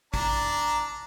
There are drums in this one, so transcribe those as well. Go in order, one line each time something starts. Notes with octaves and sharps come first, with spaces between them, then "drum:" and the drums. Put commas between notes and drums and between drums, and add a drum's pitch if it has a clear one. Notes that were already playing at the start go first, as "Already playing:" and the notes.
D4 A#5, drum: kick